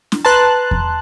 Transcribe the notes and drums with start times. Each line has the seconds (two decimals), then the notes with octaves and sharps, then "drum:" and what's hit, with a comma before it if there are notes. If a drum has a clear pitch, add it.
0.12 drum: snare
0.25 B4 A5 A#5 C6 F#6
0.71 drum: kick E2